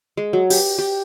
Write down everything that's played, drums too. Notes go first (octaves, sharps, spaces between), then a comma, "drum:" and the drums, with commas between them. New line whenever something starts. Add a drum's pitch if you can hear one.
G#3
F#3
G4, drum: open hi-hat
G4